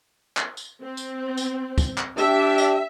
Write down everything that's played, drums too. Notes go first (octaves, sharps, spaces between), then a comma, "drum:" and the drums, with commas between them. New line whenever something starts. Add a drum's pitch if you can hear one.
drum: clap
drum: tambourine
C4
drum: tambourine
drum: tambourine
drum: kick, tambourine
drum: clap
D4 G4 E5, drum: tambourine
drum: tambourine